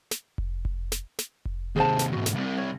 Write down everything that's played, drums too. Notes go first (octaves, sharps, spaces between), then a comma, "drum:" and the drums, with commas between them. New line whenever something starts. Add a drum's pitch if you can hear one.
drum: snare
drum: kick F1
drum: kick F1
drum: snare
drum: snare
drum: kick F1
D#2 C3 G#4 C5 A5
drum: snare
E2 G#2 F#4
drum: snare
C2 C3 D5
C#5